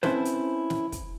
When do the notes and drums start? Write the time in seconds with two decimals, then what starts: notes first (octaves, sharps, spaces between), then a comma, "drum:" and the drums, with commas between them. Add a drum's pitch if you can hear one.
0.03 C4 C#4 E4 A4 B4 C5, drum: snare
0.25 drum: hi-hat
0.70 drum: snare
0.92 drum: kick, hi-hat